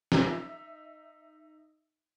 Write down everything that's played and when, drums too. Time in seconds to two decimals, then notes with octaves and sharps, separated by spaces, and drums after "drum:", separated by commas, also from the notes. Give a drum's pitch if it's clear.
0.12 D#4 E5, drum: snare